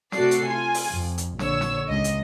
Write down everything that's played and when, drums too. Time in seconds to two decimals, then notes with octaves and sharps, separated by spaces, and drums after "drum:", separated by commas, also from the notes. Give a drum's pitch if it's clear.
0.12 C3 A3 F#4 A4 D5 C7, drum: snare
0.31 drum: hi-hat
0.47 F4 G#5
0.74 drum: open hi-hat
0.91 F2
1.18 drum: hi-hat
1.39 A#1 D3 C#5 E6, drum: snare
1.61 drum: snare
1.87 C#2 D#5
2.04 drum: hi-hat